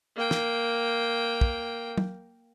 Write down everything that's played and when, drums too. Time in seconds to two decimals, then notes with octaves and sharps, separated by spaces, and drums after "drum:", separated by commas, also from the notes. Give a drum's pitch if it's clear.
0.16 A#3 G5
0.31 drum: snare
1.41 drum: kick
1.98 drum: tom F#3